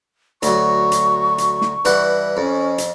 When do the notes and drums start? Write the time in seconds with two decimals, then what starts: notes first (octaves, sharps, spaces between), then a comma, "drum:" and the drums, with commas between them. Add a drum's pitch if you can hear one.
0.43 D2 F#3 C#6, drum: hi-hat
0.92 drum: hi-hat
1.38 drum: hi-hat
1.62 drum: snare
1.85 G2 E3 F#5, drum: hi-hat
2.37 F2 C#4
2.78 drum: hi-hat